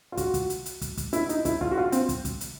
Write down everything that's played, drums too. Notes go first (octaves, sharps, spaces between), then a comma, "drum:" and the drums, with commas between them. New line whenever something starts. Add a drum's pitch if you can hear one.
F4
F#4, drum: kick, hi-hat
drum: kick, hi-hat
drum: hi-hat
drum: hi-hat
drum: kick, hi-hat
drum: kick, hi-hat
E4, drum: hi-hat
D#4, drum: hi-hat
E4, drum: kick, hi-hat
F4, drum: kick
F#4
F4
C4, drum: hi-hat
drum: kick, hi-hat
drum: kick, hi-hat
drum: hi-hat